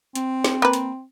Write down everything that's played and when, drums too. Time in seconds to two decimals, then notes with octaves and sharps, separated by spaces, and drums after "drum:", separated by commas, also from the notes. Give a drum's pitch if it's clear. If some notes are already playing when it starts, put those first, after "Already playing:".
0.15 C4, drum: hi-hat
0.44 drum: snare
0.62 A#3 B4
0.73 drum: hi-hat